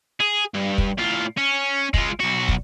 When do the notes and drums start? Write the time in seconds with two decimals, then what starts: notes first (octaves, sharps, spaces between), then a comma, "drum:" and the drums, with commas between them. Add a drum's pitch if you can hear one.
0.20 G#4
0.54 G2
0.78 drum: kick
0.98 A2 F4
1.37 C#4
1.94 G#3 F4, drum: kick
2.20 B1 F#4
2.49 drum: kick